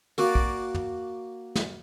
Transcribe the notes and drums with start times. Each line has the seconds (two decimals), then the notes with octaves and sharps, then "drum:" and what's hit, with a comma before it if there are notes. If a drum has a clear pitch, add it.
0.18 A#3 F#4 D5, drum: open hi-hat
0.35 drum: kick
0.74 drum: tom
1.56 drum: snare